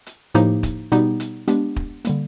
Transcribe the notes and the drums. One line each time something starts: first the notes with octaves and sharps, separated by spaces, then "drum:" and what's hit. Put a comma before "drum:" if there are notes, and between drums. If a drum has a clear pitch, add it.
drum: hi-hat
A2 F3 A#3 D#4 G4, drum: hi-hat
drum: kick, hi-hat
B2 G3 B3 D#4 G4, drum: hi-hat
drum: hi-hat
G#3 B3 D4 G4, drum: hi-hat
drum: kick
D3 G3 A#3, drum: hi-hat